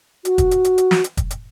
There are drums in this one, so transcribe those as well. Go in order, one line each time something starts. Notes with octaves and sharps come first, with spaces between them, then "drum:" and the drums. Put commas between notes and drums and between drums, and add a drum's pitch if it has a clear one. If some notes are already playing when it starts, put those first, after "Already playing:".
F#4, drum: hi-hat
drum: kick, hi-hat
drum: hi-hat
drum: hi-hat
drum: hi-hat
drum: snare
drum: hi-hat
drum: kick, hi-hat
drum: hi-hat